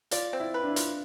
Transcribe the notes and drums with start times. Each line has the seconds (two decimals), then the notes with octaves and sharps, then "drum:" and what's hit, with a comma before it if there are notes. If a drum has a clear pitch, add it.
0.11 F4 D5, drum: hi-hat
0.33 C4
0.40 E4
0.54 B4
0.63 D4
0.68 E4
0.76 F4, drum: hi-hat